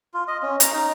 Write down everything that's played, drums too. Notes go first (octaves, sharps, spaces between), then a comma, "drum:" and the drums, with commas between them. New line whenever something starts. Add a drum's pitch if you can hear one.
F4
D#5
C#4
A#5, drum: hi-hat
D#4